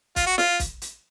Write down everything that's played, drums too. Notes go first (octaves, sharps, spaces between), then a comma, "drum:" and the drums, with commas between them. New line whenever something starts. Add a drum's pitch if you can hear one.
F4, drum: kick, hi-hat
F#4
F4, drum: snare
drum: kick, hi-hat
drum: hi-hat